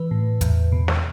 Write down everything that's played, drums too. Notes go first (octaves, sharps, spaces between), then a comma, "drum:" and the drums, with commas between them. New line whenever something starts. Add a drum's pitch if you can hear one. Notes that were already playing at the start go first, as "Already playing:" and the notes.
Already playing: E3 B4
A2
E2, drum: kick, hi-hat
B2
drum: snare